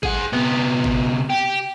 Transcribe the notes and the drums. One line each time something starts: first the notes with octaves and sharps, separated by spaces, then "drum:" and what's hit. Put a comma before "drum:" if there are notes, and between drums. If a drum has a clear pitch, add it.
G#4 F#5, drum: kick G#1
C3 B3
drum: kick G#1
G4